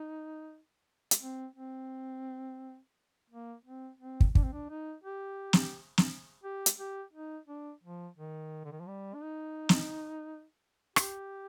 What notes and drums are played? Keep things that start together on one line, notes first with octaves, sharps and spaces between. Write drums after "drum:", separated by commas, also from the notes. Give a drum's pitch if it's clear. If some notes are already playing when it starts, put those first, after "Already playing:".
Already playing: D#4
drum: hi-hat
C4
C4
A#3
C4
C4
drum: kick
D4, drum: kick
C4
D4
D#4
G4
drum: snare
drum: snare
G4
drum: hi-hat
G4
D#4
D4
F3
D#3
D3
D#3
F3
G3
D4
D#4
drum: snare
G4, drum: rim click